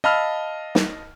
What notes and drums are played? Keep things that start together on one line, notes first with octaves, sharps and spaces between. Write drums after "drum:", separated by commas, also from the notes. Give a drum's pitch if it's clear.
D#5 F5 A5 B5 E6 F6
drum: snare